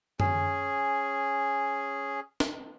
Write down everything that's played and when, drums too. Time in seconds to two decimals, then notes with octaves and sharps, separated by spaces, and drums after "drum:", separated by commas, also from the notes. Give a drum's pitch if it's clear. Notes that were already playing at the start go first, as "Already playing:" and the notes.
0.20 C#4 G#4, drum: tom F#2
2.40 drum: snare